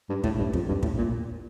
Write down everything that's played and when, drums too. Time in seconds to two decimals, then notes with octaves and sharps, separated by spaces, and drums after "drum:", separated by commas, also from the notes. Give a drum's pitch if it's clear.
0.09 G2
0.24 A2, drum: kick
0.39 G2
0.53 F2, drum: kick
0.68 G2
0.83 A2, drum: kick
0.98 A#2